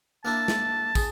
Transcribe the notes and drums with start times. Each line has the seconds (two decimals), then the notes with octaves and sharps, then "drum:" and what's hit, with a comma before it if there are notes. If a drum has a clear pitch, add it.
0.25 A#3 D4 E4 A5
0.48 drum: snare
0.95 G#4, drum: kick, tambourine